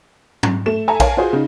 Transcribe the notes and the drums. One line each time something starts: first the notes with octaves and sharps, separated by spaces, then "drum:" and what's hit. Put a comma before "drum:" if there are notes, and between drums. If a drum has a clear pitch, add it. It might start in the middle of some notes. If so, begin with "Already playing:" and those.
drum: tom G#2
A3 E7
A4 E5 G#5 A#5
A#4 C#5 F5 G#5 A5, drum: kick A#1, cymbal
F4 F#4 G#4 C5
C#3 D#4